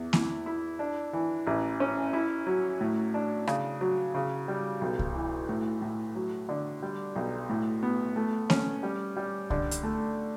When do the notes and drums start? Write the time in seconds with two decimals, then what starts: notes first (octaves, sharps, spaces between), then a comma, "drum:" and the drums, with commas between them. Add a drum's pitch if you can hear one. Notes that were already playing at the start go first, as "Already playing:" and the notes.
Already playing: E2
0.13 E4, drum: snare A#3
0.46 E4
0.79 D4
1.13 E3
1.47 A1
1.80 C#4
2.13 E4
2.47 F#3
2.81 A2
3.14 D4
3.47 C#3, drum: rim click
3.81 F#3
4.14 C#3
4.48 G3
4.81 B1
4.99 drum: kick C2
5.15 E3
5.49 A2
5.82 A2
6.15 F#3
6.49 D3
6.82 G3
7.15 B1
7.49 A2
7.83 B3
8.16 A3
8.50 C#4, drum: snare A#3
8.83 G3
9.17 G3
9.50 D3, drum: kick C2
9.71 drum: hi-hat
9.83 A3